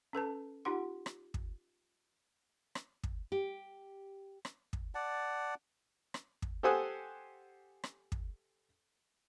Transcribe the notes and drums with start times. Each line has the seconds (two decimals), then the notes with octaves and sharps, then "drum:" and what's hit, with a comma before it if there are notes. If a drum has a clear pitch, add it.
0.13 C#4 A4 B4 A5
0.65 D#4 F4 G4 F#5 C6
1.06 drum: rim click
1.34 drum: kick
2.75 drum: rim click
3.04 drum: kick
3.32 G4
4.45 drum: rim click
4.73 drum: kick
4.95 D5 F#5 A5
6.14 drum: rim click
6.42 drum: kick
6.63 G4 A4 C5 F#5 G#5 D#6
7.84 drum: rim click
8.12 drum: kick